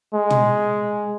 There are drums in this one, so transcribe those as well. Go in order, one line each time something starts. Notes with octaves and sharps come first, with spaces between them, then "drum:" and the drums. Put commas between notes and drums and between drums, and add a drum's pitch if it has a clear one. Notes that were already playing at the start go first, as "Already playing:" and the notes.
G#3
drum: tom